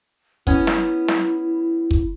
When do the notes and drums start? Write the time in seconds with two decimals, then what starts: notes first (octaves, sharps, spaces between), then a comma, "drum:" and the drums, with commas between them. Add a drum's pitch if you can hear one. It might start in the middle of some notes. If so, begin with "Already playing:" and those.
0.47 B3 C#4 E4, drum: kick
0.67 drum: snare
1.08 drum: snare
1.91 drum: kick